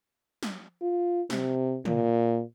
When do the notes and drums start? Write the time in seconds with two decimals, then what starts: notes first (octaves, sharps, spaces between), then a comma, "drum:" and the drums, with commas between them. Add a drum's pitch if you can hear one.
0.43 drum: snare
0.82 F4
1.30 C3, drum: snare
1.85 A#2, drum: tom